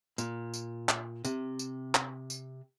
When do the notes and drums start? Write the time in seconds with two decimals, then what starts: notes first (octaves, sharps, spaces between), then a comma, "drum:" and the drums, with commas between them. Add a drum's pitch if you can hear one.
0.18 A#2, drum: tambourine
0.54 drum: tambourine
0.89 drum: clap
1.25 C3, drum: tambourine
1.59 drum: tambourine
1.95 drum: clap
2.30 drum: tambourine